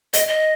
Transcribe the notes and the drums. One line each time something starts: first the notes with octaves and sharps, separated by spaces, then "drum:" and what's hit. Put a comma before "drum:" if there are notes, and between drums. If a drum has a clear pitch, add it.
D#5, drum: hi-hat
D#5